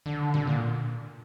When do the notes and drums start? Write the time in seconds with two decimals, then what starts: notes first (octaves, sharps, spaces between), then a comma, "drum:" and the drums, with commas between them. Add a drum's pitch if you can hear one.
0.06 D3
0.34 D3, drum: tom A#2
0.47 A#2